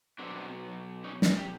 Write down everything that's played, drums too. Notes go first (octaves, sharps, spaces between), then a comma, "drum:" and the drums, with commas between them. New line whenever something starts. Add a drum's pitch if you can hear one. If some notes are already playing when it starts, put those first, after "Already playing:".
B2 F#3 B3 C4 D4
C#4 D#4
drum: snare
G4